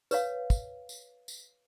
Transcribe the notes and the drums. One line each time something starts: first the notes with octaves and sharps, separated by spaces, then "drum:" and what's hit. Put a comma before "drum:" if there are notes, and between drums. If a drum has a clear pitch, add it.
B4 C#5 F5, drum: tambourine
drum: kick, tambourine
drum: tambourine
drum: tambourine